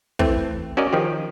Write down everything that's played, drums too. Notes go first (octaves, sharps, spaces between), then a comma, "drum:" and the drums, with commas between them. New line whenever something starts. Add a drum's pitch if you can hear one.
E3 A3 C4, drum: kick
C#4 F#4 A#4 D5 D#5
D#3 F3 G4